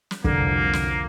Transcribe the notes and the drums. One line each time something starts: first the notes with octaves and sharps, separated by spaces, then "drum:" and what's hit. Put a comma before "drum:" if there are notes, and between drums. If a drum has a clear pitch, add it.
drum: snare
C2 F2 D3 A#3, drum: kick
drum: snare